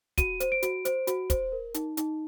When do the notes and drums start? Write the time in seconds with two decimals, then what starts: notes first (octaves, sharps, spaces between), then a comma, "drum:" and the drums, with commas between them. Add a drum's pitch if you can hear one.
0.18 F#4 D#7, drum: kick, hi-hat
0.40 C5, drum: hi-hat
0.52 D7
0.62 F#4, drum: hi-hat
0.85 C5, drum: hi-hat
1.07 F#4, drum: hi-hat
1.30 C5, drum: kick, hi-hat
1.52 A#4
1.74 D#4, drum: hi-hat
1.97 D#4, drum: hi-hat